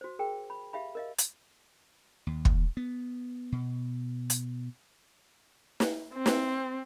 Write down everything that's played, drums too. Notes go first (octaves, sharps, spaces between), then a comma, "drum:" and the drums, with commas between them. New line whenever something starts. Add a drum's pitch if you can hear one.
F#4 C5
G#4 A#4 G5
B5
G4 E5 F5 B5
A#4 D#5 F5
drum: hi-hat
D#2
drum: kick
B3
B2
drum: hi-hat
drum: snare
C4
drum: snare